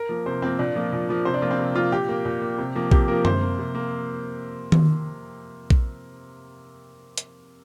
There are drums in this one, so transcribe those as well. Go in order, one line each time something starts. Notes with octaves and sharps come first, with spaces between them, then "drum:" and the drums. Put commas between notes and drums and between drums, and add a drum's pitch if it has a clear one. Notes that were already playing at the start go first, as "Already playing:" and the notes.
Already playing: A#4
F3 A#3
C3 C5
F3 A#3 C4
A#2 D4
F3 A#3
A#2
F3 A#3
C3 C5
D4
F3 A#3 F4
C4
C3
F3 A#3 F4
A#2 G4
A#3
A#2
A#3
C3
F3 A#3
C3 G4, drum: kick A#1
F3 A#3 A#4
C3 C5, drum: tom F#2
A#3
C3
A#3
drum: tom D#3
drum: kick A#1
drum: hi-hat